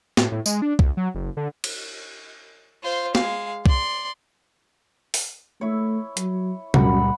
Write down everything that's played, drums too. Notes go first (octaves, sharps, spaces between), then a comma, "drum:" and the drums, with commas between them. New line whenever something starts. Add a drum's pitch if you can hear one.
A2, drum: snare
A2
G#3, drum: tambourine
D4
D2, drum: kick
F#3
F#1
D3
drum: cymbal
F4 C5
G#3 F5, drum: snare
D5 C6, drum: kick
drum: open hi-hat
A3 E4 C#5
F#3, drum: hi-hat
C#2 F#2 A#2 G3 F#5 B5, drum: tom C3